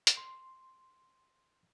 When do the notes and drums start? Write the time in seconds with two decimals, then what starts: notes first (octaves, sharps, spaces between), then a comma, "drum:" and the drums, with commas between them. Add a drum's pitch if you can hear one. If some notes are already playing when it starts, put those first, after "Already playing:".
0.07 drum: hi-hat
0.17 C6